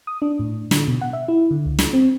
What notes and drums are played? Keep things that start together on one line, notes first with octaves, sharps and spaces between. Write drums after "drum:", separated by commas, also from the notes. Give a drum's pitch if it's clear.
D#6
D4
A2
D3, drum: snare
B2
F#5
E5
E4
D3
C#2
drum: snare
C4